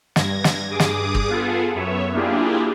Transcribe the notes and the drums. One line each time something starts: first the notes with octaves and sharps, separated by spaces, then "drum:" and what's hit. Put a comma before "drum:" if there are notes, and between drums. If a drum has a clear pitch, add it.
G2 G#6 A#6, drum: snare
drum: snare
G2 G#4 D6 D#6
drum: snare
drum: kick
B3 F4 G#4 A4
F#2 B3 C#5 E5
A#3 D4 E4 F4 G4 G#4